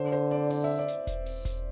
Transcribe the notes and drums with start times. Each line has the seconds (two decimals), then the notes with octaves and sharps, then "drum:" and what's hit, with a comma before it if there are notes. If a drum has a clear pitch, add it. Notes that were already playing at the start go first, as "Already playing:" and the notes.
Already playing: D3 C5
0.12 C5
0.31 D5
0.50 D5, drum: open hi-hat
0.64 E5
0.79 D5
0.88 drum: hi-hat
1.07 drum: kick E1, hi-hat
1.26 drum: open hi-hat
1.45 drum: kick E1, hi-hat